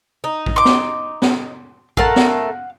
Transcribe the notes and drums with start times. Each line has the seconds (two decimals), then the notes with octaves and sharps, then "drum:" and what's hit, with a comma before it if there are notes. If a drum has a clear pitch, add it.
0.24 D#4
0.46 drum: kick A1
0.56 C6 D6
0.65 drum: snare
1.22 drum: snare
1.97 A3 A#4 F5 F#5 A5, drum: kick A1
2.16 drum: snare